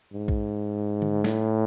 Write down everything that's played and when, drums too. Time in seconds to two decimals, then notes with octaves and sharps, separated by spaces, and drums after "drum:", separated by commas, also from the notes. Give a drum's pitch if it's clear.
0.13 G#2
0.28 drum: kick A#1
1.02 drum: tom D3
1.24 A2, drum: snare